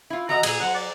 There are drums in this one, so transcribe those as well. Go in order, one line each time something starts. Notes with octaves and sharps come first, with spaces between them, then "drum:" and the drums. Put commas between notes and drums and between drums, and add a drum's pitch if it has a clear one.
E4 F4
E3 F#4 D#5 A#5
A#2 G#4, drum: cymbal
F#3 C5 F#5
D5